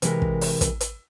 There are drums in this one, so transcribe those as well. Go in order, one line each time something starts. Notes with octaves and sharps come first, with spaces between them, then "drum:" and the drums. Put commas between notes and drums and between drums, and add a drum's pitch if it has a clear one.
C3 E3 G#3 G4 A#4 B4, drum: hi-hat
drum: kick
drum: open hi-hat
drum: kick, hi-hat
drum: hi-hat